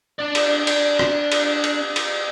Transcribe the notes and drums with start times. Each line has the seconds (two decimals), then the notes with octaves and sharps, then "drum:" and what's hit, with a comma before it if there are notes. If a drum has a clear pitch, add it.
0.19 D4 D5
0.35 drum: cymbal
0.67 drum: cymbal
0.99 drum: rim click
1.32 drum: cymbal
1.64 drum: cymbal
1.96 drum: cymbal